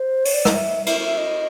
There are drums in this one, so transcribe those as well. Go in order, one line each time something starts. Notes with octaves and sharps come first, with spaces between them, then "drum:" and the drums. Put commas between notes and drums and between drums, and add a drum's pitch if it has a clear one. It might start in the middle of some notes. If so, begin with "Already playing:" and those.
Already playing: C5
C#5, drum: open hi-hat
D5
D#5, drum: rim click
E5
E5, drum: cymbal
E5
D#5